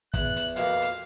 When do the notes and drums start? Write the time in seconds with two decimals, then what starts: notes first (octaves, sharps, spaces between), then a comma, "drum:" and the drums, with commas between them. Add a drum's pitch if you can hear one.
0.14 E2 F#6, drum: kick, hi-hat
0.36 drum: hi-hat
0.56 F2 B2 A#3 F5, drum: hi-hat
0.82 drum: hi-hat